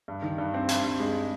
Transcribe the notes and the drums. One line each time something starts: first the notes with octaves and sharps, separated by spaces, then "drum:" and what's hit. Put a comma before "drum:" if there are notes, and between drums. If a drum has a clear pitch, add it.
G2
D#3
G2
C4
G2, drum: hi-hat
G2
G#3